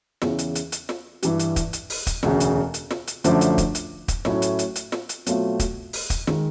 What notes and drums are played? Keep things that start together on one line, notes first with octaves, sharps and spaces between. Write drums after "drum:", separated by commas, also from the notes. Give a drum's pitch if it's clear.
E2 C#3 E3, drum: snare
drum: hi-hat
drum: hi-hat
drum: hi-hat
drum: snare
G2 E3 G3, drum: hi-hat
drum: hi-hat
drum: kick, hi-hat
drum: hi-hat
drum: open hi-hat
drum: kick, hi-hat
E1 D2 C#3, drum: snare
drum: hi-hat
drum: hi-hat
drum: snare
drum: hi-hat
F#2 D3 F3 A3 D4, drum: hi-hat
drum: hi-hat
drum: kick, hi-hat
drum: hi-hat
drum: kick, hi-hat
A2 F#3 A3 C#4 E4, drum: snare
drum: hi-hat
drum: hi-hat
drum: hi-hat
drum: snare
drum: hi-hat
B2 F#3 A3 C4 F4, drum: hi-hat
drum: kick, hi-hat
drum: open hi-hat
drum: kick, hi-hat
D#3 G#3, drum: snare